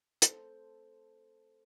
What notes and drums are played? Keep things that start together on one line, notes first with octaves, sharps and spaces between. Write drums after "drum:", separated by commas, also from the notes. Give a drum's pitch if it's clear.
A4 C5, drum: hi-hat